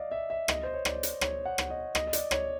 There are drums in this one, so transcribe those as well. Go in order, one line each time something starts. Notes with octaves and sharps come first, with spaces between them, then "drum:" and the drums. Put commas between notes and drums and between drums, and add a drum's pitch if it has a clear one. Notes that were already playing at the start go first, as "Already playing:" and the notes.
Already playing: D5 D#5 F5
E5
E5
D#5, drum: rim click
C5
C#5
D5, drum: rim click
drum: hi-hat
C#5, drum: rim click
F#5
drum: rim click
D#5
D#5, drum: rim click
D#5
D5, drum: hi-hat
C#5, drum: rim click